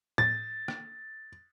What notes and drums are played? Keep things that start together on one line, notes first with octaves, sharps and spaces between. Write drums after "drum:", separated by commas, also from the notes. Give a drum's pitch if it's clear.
A6, drum: tom A2
drum: rim click